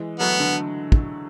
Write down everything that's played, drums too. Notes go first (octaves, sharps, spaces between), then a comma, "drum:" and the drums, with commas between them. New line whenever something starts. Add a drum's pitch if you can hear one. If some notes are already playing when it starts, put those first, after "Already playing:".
Already playing: E3 G#3
F#3 A3 B3
D3
drum: kick